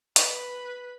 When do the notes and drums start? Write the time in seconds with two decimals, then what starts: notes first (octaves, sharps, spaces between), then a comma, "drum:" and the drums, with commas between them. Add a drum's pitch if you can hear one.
0.16 B4, drum: hi-hat